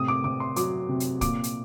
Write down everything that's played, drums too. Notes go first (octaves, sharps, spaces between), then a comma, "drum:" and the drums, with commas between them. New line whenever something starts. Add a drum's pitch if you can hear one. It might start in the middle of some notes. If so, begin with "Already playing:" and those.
Already playing: A2 C3 D#6
D6
C3 D6
C6
F#3 D6, drum: hi-hat
C3
drum: hi-hat
A#2 D6, drum: kick, hi-hat
drum: hi-hat